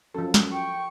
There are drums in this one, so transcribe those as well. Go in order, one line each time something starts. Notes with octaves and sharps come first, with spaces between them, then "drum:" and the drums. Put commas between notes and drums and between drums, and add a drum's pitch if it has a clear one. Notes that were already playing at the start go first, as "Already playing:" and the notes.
F#2 F3 A4
drum: snare
G5 C#6